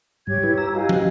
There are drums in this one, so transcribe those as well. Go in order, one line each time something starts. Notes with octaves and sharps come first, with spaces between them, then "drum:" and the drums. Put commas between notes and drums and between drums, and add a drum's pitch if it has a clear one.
G#2 G3 G4 C#5 G#6
E4 B4
A#5 E6
F#4 G4 D#5 F5 G#5
drum: tom